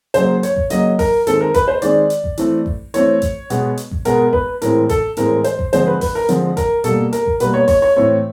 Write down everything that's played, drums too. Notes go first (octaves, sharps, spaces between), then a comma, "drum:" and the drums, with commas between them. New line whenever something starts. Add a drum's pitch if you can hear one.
C#3 F#3 A#3 C5, drum: hi-hat
C#5, drum: hi-hat
drum: kick A1
C#3 F#3 A#3 D#5, drum: hi-hat
A#4, drum: kick A1, open hi-hat
D#3 G#3 C4 A4, drum: hi-hat
A#4
B4, drum: kick A1, hi-hat
C5
D#3 G#3 C4 D5, drum: hi-hat
drum: hi-hat
drum: kick A1
E3 A3 C4, drum: hi-hat
drum: kick A1
E3 A3 C4 C#5, drum: hi-hat
drum: kick A1, hi-hat
B2 G#3 B3, drum: hi-hat
drum: hi-hat
drum: kick A1
B2 G#3 B3 A#4, drum: hi-hat
B4, drum: kick A1
A2 E3 G#3 C4 A#4, drum: hi-hat
A4, drum: kick A1, hi-hat
A2 E3 G#3 C4 A#4, drum: hi-hat
C5, drum: hi-hat
drum: kick A1
D3 F3 G#3 C4 C5, drum: hi-hat
B4
B4, drum: kick A1, open hi-hat
A#4
D3 F3 G#3 C4, drum: hi-hat
A#4, drum: kick A1, hi-hat
B2 G3 A#3 A4, drum: hi-hat
A#4, drum: hi-hat
drum: kick A1
B2 G3 A#3 B4, drum: hi-hat
C#5
C#5, drum: kick A1, open hi-hat
C#5
A2 E3 A3 C4 C#5